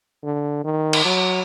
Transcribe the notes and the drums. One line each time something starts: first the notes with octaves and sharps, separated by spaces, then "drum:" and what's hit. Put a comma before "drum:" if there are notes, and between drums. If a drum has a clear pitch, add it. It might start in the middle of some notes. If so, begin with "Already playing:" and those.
D3
D#3
drum: cymbal
F#3